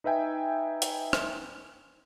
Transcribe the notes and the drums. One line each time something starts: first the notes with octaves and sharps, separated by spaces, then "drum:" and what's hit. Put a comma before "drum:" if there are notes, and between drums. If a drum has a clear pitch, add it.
D#4 B4 E5 G5 G#5
drum: hi-hat
drum: rim click